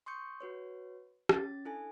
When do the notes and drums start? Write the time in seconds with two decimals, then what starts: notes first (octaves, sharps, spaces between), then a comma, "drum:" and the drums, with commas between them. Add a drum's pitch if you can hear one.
0.06 C6 C#6 D#6 G6 C#7
0.41 F#4 B4 C#5
1.29 C#4 A6, drum: rim click
1.65 D4 E4 A4 G#5